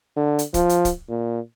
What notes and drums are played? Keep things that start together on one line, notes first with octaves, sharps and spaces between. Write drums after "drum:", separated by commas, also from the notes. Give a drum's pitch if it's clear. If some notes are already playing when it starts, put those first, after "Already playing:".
D3
drum: hi-hat
F3, drum: kick, hi-hat
drum: hi-hat
drum: kick, hi-hat
A#2